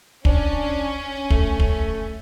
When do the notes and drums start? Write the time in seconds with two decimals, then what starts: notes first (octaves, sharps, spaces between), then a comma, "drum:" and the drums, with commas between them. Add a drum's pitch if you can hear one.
0.25 C#4 D4, drum: kick
1.30 A3, drum: kick
1.60 drum: kick